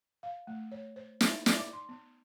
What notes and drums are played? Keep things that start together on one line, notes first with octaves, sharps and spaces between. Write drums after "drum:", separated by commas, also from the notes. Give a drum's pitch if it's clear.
F5
A3
C#5
C5
D#4, drum: snare
D5, drum: snare
D6
C6
B3